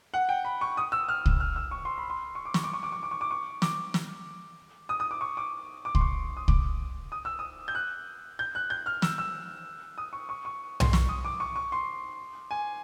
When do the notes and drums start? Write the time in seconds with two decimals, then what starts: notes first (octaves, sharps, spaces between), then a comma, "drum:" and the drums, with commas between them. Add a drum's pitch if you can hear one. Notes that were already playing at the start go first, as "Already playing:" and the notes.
0.14 F#5
0.29 G5
0.45 B5
0.61 C#6
0.77 D#6
0.92 E6
1.08 F6
1.26 drum: kick C2
1.40 F6
1.56 E6
1.71 C#6
1.85 C6
1.98 B5
2.10 C6
2.35 C#6
2.45 D6
2.54 C#6, drum: snare
2.64 D6
2.74 C#6
2.83 D6
2.92 C#6
3.03 D6
3.11 C#6
3.21 D6
3.31 C#6
3.62 D6, drum: snare
3.94 drum: snare
4.89 D#6
5.00 D#6
5.11 D6
5.21 C#6
5.37 D6
5.85 D6
5.95 C6, drum: kick C2
6.01 C#6
6.37 D#6
6.48 D6, drum: kick C2
7.12 D#6
7.25 E6
7.39 D#6
7.68 G6
7.75 F#6
8.39 G6
8.55 F#6
8.70 G6
8.86 F6
9.02 E6, drum: snare
9.18 E6
9.98 D#6
10.13 C#6
10.29 C#6
10.45 C#6
10.80 C6, drum: tom B1
10.93 C#6, drum: snare
11.09 D#6
11.25 D6
11.40 C#6
11.56 C#6
11.72 C6
12.51 G#5